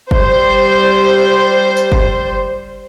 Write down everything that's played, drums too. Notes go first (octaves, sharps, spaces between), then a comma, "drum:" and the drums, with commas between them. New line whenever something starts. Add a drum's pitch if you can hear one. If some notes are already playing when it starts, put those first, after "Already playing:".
G3 C5, drum: kick F#1
drum: tambourine
drum: kick F#1